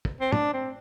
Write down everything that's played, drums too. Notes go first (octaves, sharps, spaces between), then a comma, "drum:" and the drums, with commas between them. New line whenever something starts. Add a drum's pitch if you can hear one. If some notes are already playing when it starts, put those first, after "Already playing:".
drum: kick
C4
D4, drum: tom
C4